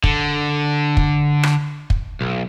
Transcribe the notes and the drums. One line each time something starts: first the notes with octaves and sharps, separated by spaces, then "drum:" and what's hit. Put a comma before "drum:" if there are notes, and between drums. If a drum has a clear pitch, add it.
D3, drum: kick
drum: kick
drum: rim click
drum: kick
B1